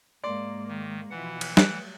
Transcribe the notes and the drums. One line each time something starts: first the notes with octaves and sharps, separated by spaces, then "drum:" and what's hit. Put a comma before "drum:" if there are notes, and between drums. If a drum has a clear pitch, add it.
G#2 G#3 A#3 D5 C6
D#3
B2 E3 F3 E4 F#5
drum: cymbal
F#3 G3 A3 F#6 D7, drum: snare